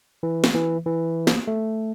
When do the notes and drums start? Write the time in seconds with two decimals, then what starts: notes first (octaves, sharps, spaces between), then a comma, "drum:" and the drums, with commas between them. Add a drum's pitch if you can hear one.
0.23 E3
0.44 drum: snare
0.55 E3
0.86 E3
1.27 drum: snare
1.47 A3